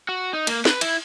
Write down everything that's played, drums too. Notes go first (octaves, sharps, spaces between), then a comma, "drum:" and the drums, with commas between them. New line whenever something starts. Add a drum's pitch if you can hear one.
F#4
D#4
A#3, drum: cymbal
B4, drum: snare
E4, drum: cymbal